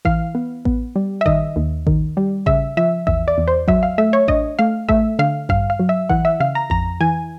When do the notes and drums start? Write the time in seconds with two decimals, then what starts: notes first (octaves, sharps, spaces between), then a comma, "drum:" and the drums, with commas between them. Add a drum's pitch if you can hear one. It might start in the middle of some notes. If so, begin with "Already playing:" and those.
0.05 E3 F5, drum: kick A1
0.35 B3
0.65 B3, drum: kick A1
0.96 G3
1.21 E5
1.26 D#3 D#5, drum: kick A1
1.56 D#2
1.87 D#3, drum: kick A1
2.17 G3
2.46 C#3 E5, drum: kick A1
2.77 F3 E5
3.07 E2 E5, drum: kick A1
3.28 D5
3.38 E2
3.48 C5
3.68 F#3 E5, drum: kick A1
3.83 F5
3.98 A3 E5
4.13 C#5
4.28 D4 D#5, drum: kick A1
4.59 A3 F5
4.89 A3 E5, drum: kick A1
5.19 D3 F5
5.49 G2 F5, drum: kick A1
5.70 F5
5.79 F#3
5.89 E5
6.09 E3 F#5, drum: kick A1
6.25 E5
6.40 C#3 F5
6.55 A#5
6.70 F2 A#5, drum: kick A1
7.01 E3 G#5